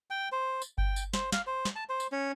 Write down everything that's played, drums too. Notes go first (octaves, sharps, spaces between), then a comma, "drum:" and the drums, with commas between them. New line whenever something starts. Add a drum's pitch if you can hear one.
G5
C5
drum: tambourine
G5, drum: kick G1
drum: tambourine
C5, drum: snare
F5, drum: snare
C5
drum: snare
A5
C5
drum: tambourine
C#4